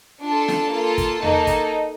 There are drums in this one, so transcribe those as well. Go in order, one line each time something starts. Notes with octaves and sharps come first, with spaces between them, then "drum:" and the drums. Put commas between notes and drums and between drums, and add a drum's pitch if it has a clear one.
D4 F4 A4 A5
drum: snare
A#3 F4 A4
drum: kick, hi-hat
A#3 D#4 A4, drum: tom E2
drum: kick, hi-hat